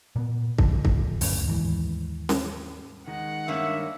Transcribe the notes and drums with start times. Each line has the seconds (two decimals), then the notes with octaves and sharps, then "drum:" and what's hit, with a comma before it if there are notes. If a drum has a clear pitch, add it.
0.16 A#2 B3
0.58 A2 D3 F3, drum: kick
0.85 drum: kick
1.21 C#2 F#2 A2 C#3, drum: open hi-hat
1.48 D#2 G#2 E3
2.29 drum: snare C#4
3.08 D#3 G#3 D#4 F#5
3.48 G2 A#3 C#4 E5